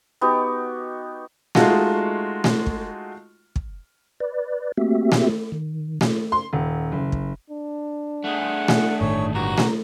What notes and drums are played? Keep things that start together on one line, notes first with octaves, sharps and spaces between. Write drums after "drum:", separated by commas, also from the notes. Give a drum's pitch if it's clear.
B3 D#4 F#4 G4
G#3 A3 D#4 F4 F#4, drum: snare A3
drum: snare A3
drum: kick
drum: kick
B4 D5
A3 A#3 C4 F#4 G4 E5
drum: snare A3
D#3
drum: snare A3
C6
D#1
F#1
drum: kick
D4
A3 G#4 F#5
drum: snare A3
G1 A2 D#3 C#5
C#2 G2 F#4 A#5
drum: snare A3